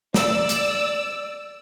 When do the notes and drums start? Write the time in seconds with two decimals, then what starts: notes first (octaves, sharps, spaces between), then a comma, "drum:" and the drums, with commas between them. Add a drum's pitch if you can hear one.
0.14 D5 E6, drum: snare
0.49 drum: hi-hat